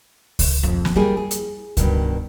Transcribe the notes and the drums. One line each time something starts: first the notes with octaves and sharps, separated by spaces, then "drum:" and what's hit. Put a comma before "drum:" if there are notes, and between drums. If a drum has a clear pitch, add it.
drum: kick C#2, open hi-hat
E1 F2
drum: snare
G3 A#3 E4 G#4
G#4
drum: hi-hat
G2 B2 D#3, drum: kick C#2, hi-hat